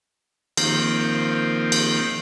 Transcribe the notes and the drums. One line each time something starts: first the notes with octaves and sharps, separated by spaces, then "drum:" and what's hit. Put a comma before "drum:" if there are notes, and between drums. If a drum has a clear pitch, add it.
D#3 F3 A#3 C4, drum: cymbal
drum: cymbal